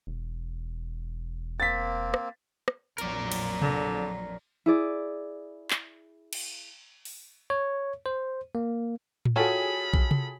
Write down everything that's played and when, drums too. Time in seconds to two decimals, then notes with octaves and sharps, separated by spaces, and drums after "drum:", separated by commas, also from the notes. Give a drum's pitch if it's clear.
0.07 E1
1.60 A#3 C4 A6 B6
2.14 drum: rim click
2.68 drum: rim click
2.98 A#1 F2 F#3 A#4 D5, drum: hi-hat
3.32 drum: cymbal
3.62 D3, drum: tom C3
4.66 E4 G#4 D5
5.71 drum: clap
6.33 drum: cymbal
7.05 drum: open hi-hat
7.50 C#5
8.06 C5
8.55 A#3
9.25 drum: tom A2
9.36 F4 F#4 G#4 A4 C#5 G5 G#5 B5
9.94 drum: kick A#1
10.11 drum: tom C3